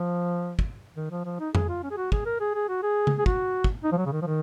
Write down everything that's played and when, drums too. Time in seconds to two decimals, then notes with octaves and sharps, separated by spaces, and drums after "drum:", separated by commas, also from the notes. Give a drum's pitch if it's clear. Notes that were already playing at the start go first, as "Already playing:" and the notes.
Already playing: F3
0.59 drum: kick
0.97 D#3
1.11 F3
1.25 F3
1.40 D#4
1.55 G#4, drum: tom F2
1.69 F4
1.83 C#4
1.91 G#4
1.97 F#4
2.12 G#4, drum: kick
2.26 A#4
2.40 G#4
2.55 G#4
2.69 F#4
2.83 G#4
3.07 drum: tom C#3
3.19 G#4
3.26 F#4, drum: kick
3.64 drum: kick
3.84 D#4
3.92 F3
3.98 F#3
4.06 C#3
4.13 D#3
4.22 F3
4.26 D#3